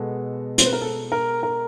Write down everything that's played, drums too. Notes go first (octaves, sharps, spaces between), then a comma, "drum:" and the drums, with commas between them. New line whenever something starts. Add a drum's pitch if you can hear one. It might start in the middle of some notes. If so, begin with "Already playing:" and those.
Already playing: B2 G#3 B3 A4
C5, drum: hi-hat
B4
A#4
A4
A#4
A#4